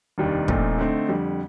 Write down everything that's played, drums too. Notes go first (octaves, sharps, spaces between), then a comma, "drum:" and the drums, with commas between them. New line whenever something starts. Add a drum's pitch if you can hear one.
F1 D#2 D#3 G3 D4
A#1 A#2 A3 C4 D#4, drum: kick
D3 A3 C4 D#4
F2 D3 G3